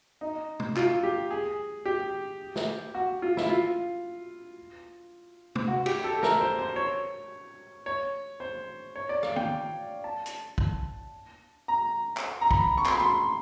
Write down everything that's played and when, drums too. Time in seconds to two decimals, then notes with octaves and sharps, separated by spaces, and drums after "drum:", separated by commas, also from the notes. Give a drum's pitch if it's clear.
0.21 D#4
0.60 drum: tom
0.76 F4, drum: clap
1.03 G4
1.31 G#4
1.85 G4
2.56 drum: snare
2.95 F#4
3.22 F4
3.37 E4, drum: snare
3.50 F4
5.55 drum: tom
5.68 F#4
5.86 G4, drum: cymbal
6.04 A4
6.23 A#4, drum: snare
6.41 C5
6.59 C5
6.76 C#5
7.86 C#5
8.40 C5
8.96 C#5
9.09 D5
9.23 F5, drum: rim click
9.36 G5, drum: tom
10.04 A5
10.26 drum: hi-hat
10.58 drum: kick
11.68 A#5
12.17 drum: clap
12.41 A#5
12.51 B5, drum: kick
12.78 C#6
12.86 C6, drum: clap
12.92 B5
13.00 C6